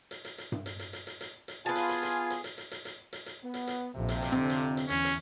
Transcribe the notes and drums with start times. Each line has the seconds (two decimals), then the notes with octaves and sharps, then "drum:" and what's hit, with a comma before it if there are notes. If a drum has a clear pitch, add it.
0.11 drum: hi-hat
0.25 drum: hi-hat
0.38 drum: hi-hat
0.52 drum: tom G2
0.66 drum: hi-hat
0.79 drum: hi-hat
0.93 drum: hi-hat
1.07 drum: hi-hat
1.21 drum: hi-hat
1.48 drum: hi-hat
1.66 B3 F4 G#4 B4 G#5 A5
1.75 drum: hi-hat
1.89 drum: hi-hat
2.03 drum: hi-hat
2.30 drum: hi-hat
2.44 drum: hi-hat
2.58 drum: hi-hat
2.71 drum: hi-hat
2.85 drum: hi-hat
3.13 drum: hi-hat
3.26 drum: hi-hat
3.44 B3
3.54 drum: hi-hat
3.67 drum: hi-hat
3.95 A#1 F2 C3
4.09 drum: hi-hat
4.22 drum: hi-hat
4.32 D3 C4 D4
4.50 drum: hi-hat
4.77 drum: hi-hat
4.89 E2 C#4, drum: hi-hat
5.05 drum: hi-hat